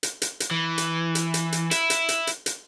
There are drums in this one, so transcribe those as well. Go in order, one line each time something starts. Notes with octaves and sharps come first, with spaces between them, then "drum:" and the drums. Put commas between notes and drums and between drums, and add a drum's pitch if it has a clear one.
drum: hi-hat
drum: hi-hat
drum: hi-hat
E3
drum: hi-hat
drum: hi-hat
drum: hi-hat
drum: hi-hat
E4, drum: hi-hat
drum: hi-hat
drum: hi-hat
drum: hi-hat
drum: hi-hat